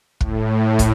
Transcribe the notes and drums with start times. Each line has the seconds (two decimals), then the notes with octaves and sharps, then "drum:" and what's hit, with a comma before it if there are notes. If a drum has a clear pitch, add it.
0.21 A2, drum: kick
0.79 drum: kick, hi-hat